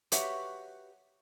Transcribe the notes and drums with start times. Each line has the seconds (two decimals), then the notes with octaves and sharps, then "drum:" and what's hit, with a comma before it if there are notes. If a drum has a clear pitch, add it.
0.12 F#4 G4 B4 C#5 E5 F#5, drum: hi-hat